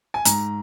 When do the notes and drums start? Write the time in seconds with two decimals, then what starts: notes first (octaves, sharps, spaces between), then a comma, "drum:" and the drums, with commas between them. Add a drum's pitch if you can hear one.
0.14 G#5
0.25 G#2 A#5, drum: hi-hat